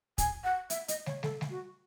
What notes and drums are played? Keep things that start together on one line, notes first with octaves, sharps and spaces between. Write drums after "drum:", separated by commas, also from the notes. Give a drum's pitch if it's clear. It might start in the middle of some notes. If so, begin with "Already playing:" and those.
G#5, drum: kick, hi-hat
F#5
E5, drum: hi-hat
D#5, drum: hi-hat
C#5, drum: snare
A4, drum: snare
drum: snare
F#4